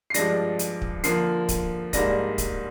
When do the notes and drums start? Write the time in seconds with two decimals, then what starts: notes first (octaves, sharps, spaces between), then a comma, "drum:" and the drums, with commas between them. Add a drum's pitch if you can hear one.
0.10 C7
0.14 G2 F3 G#3 D4 A#6, drum: hi-hat
0.59 drum: hi-hat
0.81 drum: kick
1.04 D3 F3 A#3 C7, drum: hi-hat
1.49 drum: kick, hi-hat
1.93 G#2 G3 A#3 D4 A#6, drum: kick, hi-hat
2.38 drum: kick, hi-hat